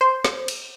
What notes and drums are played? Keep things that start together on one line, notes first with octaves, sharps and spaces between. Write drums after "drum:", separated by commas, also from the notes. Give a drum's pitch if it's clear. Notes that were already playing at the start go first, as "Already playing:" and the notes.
C5
drum: snare
drum: cymbal